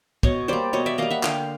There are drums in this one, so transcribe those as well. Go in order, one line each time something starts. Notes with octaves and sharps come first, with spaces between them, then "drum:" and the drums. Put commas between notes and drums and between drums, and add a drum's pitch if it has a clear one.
B2 C#5 D#5, drum: kick
G3 A#3 C5 D5
B2 C#5 D#5
D5 E5
G3 A#3 D#5 F5
E5 F#5
D3 F5 G5, drum: clap